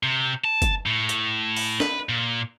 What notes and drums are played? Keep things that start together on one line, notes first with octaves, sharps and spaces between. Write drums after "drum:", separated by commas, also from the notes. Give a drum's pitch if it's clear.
C3
A5
drum: kick, hi-hat
A2
drum: hi-hat
drum: open hi-hat
B4, drum: snare
A#2